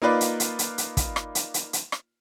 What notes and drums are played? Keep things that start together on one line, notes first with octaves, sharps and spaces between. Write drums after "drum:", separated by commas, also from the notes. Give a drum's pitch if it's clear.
A#3 D#4 F4 B4 D5
drum: hi-hat
drum: hi-hat
drum: hi-hat
drum: hi-hat
drum: kick, hi-hat
drum: rim click
drum: hi-hat
drum: hi-hat
drum: hi-hat
drum: rim click